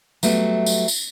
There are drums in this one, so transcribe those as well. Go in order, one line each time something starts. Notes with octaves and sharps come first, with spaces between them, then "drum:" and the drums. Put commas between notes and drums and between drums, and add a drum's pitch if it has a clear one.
F#3 G3 A3 B3, drum: tambourine
drum: tambourine
drum: tambourine